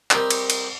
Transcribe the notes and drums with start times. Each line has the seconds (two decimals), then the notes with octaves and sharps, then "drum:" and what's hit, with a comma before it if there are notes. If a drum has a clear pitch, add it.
0.11 G3 C4 D#4 G4 A#4, drum: clap
0.30 drum: cymbal
0.50 drum: cymbal